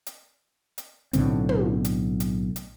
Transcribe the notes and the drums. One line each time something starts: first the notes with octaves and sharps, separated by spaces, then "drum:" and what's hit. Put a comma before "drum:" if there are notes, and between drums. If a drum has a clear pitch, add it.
drum: hi-hat
drum: hi-hat
B1 A2 D3 C4, drum: hi-hat
drum: tom
drum: hi-hat
drum: hi-hat
drum: hi-hat